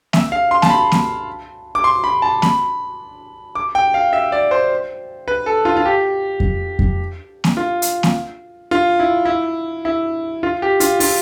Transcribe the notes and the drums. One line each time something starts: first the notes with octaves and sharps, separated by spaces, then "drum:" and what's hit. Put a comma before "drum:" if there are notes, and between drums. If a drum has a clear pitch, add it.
E5, drum: snare A#3
F5
C6
A5, drum: snare A#3
B5
drum: snare A#3
D6
C6
B5
A5
B5, drum: snare A#3
D6
G5
F5
E5
D5
C5
B4
A4
F4
F4
G4
drum: kick F2
drum: kick F2
drum: snare A#3
F4
drum: hi-hat
drum: snare A#3
F4
E4
E4
E4
F4
G4
F4, drum: hi-hat
F4, drum: open hi-hat